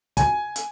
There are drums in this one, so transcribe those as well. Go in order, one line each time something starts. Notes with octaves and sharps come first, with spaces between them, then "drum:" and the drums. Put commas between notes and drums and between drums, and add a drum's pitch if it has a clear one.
G#5, drum: kick, hi-hat
drum: hi-hat